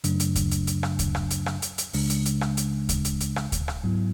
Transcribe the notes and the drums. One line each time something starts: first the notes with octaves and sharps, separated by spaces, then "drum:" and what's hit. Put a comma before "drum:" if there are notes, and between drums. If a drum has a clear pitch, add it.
F#2 C#3 F#3 A3 D4, drum: hi-hat
drum: hi-hat
drum: kick D2, hi-hat
drum: hi-hat
drum: hi-hat
drum: rim click
drum: kick D2, hi-hat
drum: rim click
drum: hi-hat
drum: rim click
drum: hi-hat
drum: hi-hat
C#2 C#3 G#3 D4, drum: open hi-hat
drum: hi-hat
drum: hi-hat
drum: rim click
drum: hi-hat
drum: kick D2, hi-hat
drum: hi-hat
drum: hi-hat
drum: rim click
drum: kick D2, hi-hat
drum: rim click
G#2 F#3 B3 E4